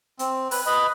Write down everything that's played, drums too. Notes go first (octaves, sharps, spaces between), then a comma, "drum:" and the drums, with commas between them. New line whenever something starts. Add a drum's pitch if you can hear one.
C4, drum: hi-hat
B4, drum: open hi-hat
B4 D#5 B5